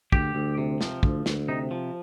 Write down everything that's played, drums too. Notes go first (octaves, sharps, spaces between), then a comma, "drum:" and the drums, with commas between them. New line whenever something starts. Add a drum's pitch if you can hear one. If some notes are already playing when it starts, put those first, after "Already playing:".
D2 G4, drum: kick
D2
C3
F3, drum: snare
D2, drum: kick
D2, drum: snare
C3 D#4
F3